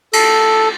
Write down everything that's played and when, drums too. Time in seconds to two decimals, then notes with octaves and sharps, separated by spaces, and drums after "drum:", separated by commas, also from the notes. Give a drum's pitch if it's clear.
0.13 A4, drum: cymbal